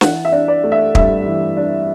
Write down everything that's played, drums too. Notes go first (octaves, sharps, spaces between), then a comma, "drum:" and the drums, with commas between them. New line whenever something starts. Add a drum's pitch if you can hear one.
E3 F#5, drum: snare
E5
D4
D5
A3
E5
G2 E5, drum: kick
E3
D4